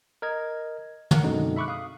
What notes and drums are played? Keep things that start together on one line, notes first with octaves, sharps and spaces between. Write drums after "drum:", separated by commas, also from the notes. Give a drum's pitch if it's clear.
A#4 D#5 G#6
A#4 F#5, drum: tom
F#2 B2 D3 G#3 C4 D#4
E5 B5 C#6 D6 F#6
F5 D#6